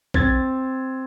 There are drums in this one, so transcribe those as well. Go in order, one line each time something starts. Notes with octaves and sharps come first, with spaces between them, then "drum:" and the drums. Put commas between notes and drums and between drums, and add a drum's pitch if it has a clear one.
C4 G#6 A6, drum: kick A#1